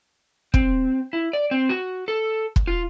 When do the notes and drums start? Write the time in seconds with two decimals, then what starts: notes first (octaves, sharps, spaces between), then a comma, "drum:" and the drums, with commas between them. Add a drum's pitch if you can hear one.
0.54 C4, drum: kick
1.13 E4
1.33 D5
1.51 C4
1.69 F#4
2.08 A4
2.56 drum: kick
2.68 F4